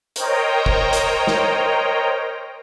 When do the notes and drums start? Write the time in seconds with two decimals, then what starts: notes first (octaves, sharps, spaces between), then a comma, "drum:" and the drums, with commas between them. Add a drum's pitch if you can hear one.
0.16 A#4 C5 C#5 D#5 G5 A#5, drum: hi-hat
0.66 drum: kick
0.93 drum: hi-hat
1.27 drum: snare